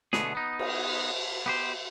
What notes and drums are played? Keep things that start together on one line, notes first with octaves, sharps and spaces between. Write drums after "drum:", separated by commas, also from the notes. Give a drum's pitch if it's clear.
B2 D3 A3 B3 G#4, drum: snare
B3 D#4
drum: cymbal
B3 G4 C5